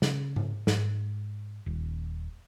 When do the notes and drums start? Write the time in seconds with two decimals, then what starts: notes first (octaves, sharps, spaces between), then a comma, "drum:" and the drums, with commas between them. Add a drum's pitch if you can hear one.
0.02 C#3, drum: snare
0.36 drum: tom G#2
0.67 G#2, drum: snare
1.66 D#1